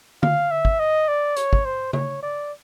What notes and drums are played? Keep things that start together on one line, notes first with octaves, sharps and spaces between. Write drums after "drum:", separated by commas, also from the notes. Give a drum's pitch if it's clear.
F5, drum: tom D3
E5
drum: kick
D#5
D5
C#5, drum: hi-hat
drum: kick
C5
C#5, drum: tom C#3
D5